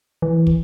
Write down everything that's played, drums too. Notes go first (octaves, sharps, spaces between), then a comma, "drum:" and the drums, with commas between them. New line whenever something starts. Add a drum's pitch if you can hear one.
E3
drum: kick